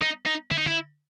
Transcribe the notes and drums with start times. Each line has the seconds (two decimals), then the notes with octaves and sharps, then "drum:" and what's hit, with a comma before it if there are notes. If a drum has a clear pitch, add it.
0.01 D#4, drum: rim click
0.26 D#4
0.51 E4, drum: tom
0.58 D#4
0.66 E4, drum: tom